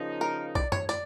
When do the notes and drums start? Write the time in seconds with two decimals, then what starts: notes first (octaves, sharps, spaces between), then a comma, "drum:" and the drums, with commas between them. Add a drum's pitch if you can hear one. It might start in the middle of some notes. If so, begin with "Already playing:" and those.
Already playing: C#3 F3 A#3 D#4
0.21 A#4
0.55 D5, drum: kick B1
0.72 C#5, drum: tom F#2
0.89 D5, drum: hi-hat